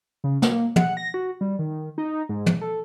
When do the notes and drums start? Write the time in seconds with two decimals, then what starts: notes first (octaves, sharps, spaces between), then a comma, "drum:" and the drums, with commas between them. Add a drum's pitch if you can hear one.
0.24 C#3
0.42 A#3, drum: snare
0.76 F#5, drum: tom
0.97 A#6
1.14 F#4
1.41 G3
1.59 D#3
1.98 D#4
2.29 G#2
2.46 drum: tom
2.61 A4